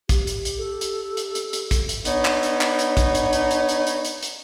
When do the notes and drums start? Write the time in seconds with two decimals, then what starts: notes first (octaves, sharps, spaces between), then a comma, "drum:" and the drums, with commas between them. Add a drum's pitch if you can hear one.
0.09 G4, drum: kick, hi-hat
0.27 drum: hi-hat
0.45 drum: hi-hat
0.58 A4
0.81 drum: hi-hat
1.17 drum: hi-hat
1.35 drum: hi-hat
1.53 drum: hi-hat
1.71 drum: kick, hi-hat
1.89 drum: hi-hat
2.05 B3 D4 D#4 C#5 B5, drum: hi-hat
2.25 drum: clap
2.43 drum: hi-hat
2.61 drum: clap
2.79 drum: hi-hat
2.97 drum: kick, hi-hat
3.15 drum: hi-hat
3.33 drum: hi-hat
3.51 drum: hi-hat
3.69 drum: hi-hat
3.87 drum: hi-hat
4.05 drum: hi-hat
4.23 drum: hi-hat